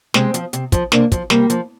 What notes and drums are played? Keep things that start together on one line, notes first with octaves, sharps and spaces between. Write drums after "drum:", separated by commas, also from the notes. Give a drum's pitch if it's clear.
C3 G#3 C4, drum: snare
F3, drum: hi-hat
C3, drum: hi-hat
F3, drum: kick, hi-hat
C3 A#3 D4, drum: snare
F3, drum: kick, hi-hat
C3 G3 A#3, drum: snare
F3, drum: hi-hat